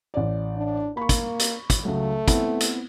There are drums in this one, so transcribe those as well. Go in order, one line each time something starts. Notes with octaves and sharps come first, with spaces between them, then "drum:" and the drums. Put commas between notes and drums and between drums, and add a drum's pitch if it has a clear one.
A1 D5
D4
A#3 B5 C#6
drum: kick, hi-hat
drum: hi-hat
drum: kick, hi-hat
C#2 F#3 A3
B3 C4 E4, drum: kick, hi-hat
drum: hi-hat